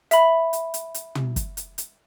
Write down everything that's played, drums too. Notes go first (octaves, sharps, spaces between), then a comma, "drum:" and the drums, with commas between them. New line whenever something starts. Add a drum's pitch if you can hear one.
E5 B5, drum: hi-hat
drum: hi-hat
drum: hi-hat
drum: hi-hat
drum: tom
drum: kick, hi-hat
drum: hi-hat
drum: hi-hat